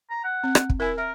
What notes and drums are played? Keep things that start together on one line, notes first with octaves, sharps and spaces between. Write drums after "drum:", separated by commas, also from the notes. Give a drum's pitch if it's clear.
A#5
F#5
C4
drum: rim click
drum: kick
E4 A#4 G#5
A#4 E5